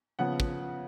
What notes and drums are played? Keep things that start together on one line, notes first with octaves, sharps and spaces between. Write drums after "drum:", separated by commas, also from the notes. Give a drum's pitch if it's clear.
C#3 F3 B3 F#5
drum: kick